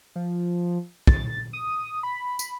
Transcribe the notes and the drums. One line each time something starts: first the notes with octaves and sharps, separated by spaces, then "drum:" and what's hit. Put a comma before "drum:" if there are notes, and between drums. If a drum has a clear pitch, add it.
F3
A6, drum: kick
D#6
B5
drum: tambourine